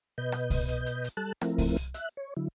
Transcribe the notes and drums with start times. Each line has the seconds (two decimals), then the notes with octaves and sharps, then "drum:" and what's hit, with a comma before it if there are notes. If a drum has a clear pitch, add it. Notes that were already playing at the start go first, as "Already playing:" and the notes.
0.18 B2 B4 D#5 G6
0.32 drum: rim click
0.50 drum: kick C2, open hi-hat
0.68 drum: hi-hat
0.86 drum: hi-hat
1.04 drum: hi-hat
1.17 G3 A4 A5 F#6
1.41 F3 A3 C4 E4 A#4, drum: rim click
1.58 drum: kick C2, open hi-hat
1.76 drum: hi-hat
1.94 E5 F#6, drum: hi-hat
2.17 C#5
2.37 D3 F#3 E4